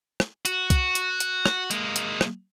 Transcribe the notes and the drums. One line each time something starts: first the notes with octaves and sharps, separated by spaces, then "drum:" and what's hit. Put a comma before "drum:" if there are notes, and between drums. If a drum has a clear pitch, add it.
drum: rim click
F#4, drum: hi-hat
drum: kick, hi-hat
drum: hi-hat
drum: hi-hat
drum: rim click
G#3 A#3, drum: hi-hat
drum: hi-hat
drum: rim click